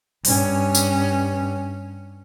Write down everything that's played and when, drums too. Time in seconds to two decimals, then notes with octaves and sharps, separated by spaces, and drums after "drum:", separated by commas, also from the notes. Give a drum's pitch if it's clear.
0.25 G2 C#4, drum: open hi-hat
0.75 drum: tambourine